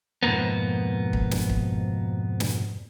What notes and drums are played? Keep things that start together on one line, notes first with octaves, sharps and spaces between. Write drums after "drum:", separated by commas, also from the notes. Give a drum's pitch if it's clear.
F2 G#2 B2 A#3 B3
drum: kick
drum: snare
drum: kick
drum: snare